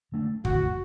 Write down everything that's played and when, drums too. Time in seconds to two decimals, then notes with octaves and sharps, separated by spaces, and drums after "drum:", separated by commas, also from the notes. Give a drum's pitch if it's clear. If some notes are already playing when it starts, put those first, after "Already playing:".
0.12 D3 A3 D4
0.45 F#2 D3 F#3 A3 F#4, drum: kick